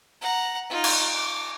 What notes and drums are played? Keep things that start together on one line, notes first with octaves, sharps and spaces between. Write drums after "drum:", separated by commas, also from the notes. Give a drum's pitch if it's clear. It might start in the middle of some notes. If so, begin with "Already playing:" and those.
F#5 A#5
D#4 F4
drum: cymbal
D6